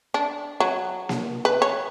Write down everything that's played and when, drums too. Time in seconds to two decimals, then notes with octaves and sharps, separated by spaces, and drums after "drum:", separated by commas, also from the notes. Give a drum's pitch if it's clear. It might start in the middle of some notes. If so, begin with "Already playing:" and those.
0.14 D4
0.60 F#3
1.09 drum: snare A#3
1.45 B4
1.62 C#5